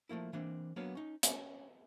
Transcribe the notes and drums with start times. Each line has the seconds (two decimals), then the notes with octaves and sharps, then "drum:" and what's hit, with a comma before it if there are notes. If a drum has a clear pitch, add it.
0.09 F3 A3 A#3 E4
0.33 E3 A#3 C4 D4
0.76 F#3 A#3 B3 D4 C#5 F5
0.95 C#4 D#4
1.23 C#4 C#5, drum: hi-hat